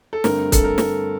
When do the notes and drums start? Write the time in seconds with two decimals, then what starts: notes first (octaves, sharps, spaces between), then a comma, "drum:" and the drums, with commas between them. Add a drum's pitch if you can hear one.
0.13 A4
0.24 G2 D3 A3 C4 A#4, drum: snare
0.52 A4, drum: kick, hi-hat
0.64 A#4
0.78 drum: snare